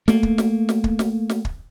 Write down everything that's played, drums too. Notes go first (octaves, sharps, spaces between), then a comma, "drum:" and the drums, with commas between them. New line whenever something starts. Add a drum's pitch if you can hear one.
A3 A#3, drum: snare
drum: kick
drum: snare
drum: snare
drum: kick
drum: snare
drum: snare
drum: kick